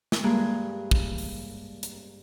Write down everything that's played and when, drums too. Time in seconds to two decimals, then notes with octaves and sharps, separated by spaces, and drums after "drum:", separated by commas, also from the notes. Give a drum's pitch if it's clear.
0.12 drum: snare
0.24 G2 G#3 A#3 G#4
0.91 drum: kick
1.18 drum: open hi-hat
1.83 drum: hi-hat